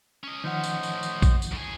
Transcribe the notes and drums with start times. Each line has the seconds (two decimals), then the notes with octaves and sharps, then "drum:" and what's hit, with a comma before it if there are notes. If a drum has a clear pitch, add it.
0.23 C#4 D#5
0.44 D#3 F3 A3 C#4 C5 D#5 F#5
0.63 drum: tambourine
0.83 drum: tambourine
1.03 drum: tambourine
1.22 drum: kick A#1, tambourine
1.42 drum: tambourine
1.53 A2 G#4